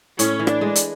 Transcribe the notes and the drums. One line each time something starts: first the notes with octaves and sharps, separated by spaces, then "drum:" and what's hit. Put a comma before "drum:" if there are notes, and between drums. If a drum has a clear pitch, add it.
A2 C#4, drum: hi-hat
E3
D4, drum: rim click
G#3
drum: hi-hat